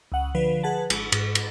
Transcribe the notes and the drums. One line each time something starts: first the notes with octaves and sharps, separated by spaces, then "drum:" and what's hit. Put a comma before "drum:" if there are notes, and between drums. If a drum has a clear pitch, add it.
C#2 F#5
D3 F3 B4
G#4 B4 F#5 A5
G#1, drum: cymbal
G#2, drum: cymbal
drum: cymbal